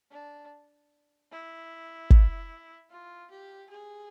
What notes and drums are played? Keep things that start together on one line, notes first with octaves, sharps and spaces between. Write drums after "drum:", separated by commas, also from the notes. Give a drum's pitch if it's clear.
D4
E4
drum: kick
F4
G4
G#4